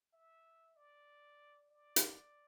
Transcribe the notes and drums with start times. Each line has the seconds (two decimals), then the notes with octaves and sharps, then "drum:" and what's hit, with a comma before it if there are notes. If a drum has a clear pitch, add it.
0.13 E5
0.77 D5
1.70 D5
1.96 drum: hi-hat